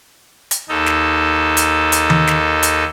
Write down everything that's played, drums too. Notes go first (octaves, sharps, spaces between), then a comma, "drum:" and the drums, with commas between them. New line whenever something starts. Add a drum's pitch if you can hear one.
drum: hi-hat
D#2 D#4 A4
drum: snare
drum: hi-hat
drum: hi-hat
drum: tom D#3
drum: snare
drum: hi-hat